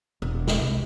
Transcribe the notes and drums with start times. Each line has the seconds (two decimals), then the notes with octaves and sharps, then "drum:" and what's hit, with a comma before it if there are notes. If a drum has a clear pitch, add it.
0.22 E1
0.47 drum: snare
0.60 C2